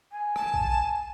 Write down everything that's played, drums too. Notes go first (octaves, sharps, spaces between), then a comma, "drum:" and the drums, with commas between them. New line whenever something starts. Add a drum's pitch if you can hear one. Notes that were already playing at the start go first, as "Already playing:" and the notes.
G#5
A5, drum: rim click
drum: kick A#1